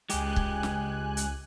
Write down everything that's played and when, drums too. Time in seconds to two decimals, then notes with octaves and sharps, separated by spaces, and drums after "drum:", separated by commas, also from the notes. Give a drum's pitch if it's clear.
0.10 C#2 G#3 G4 G#5 F#6, drum: hi-hat
0.36 drum: kick
0.63 drum: snare
1.17 drum: hi-hat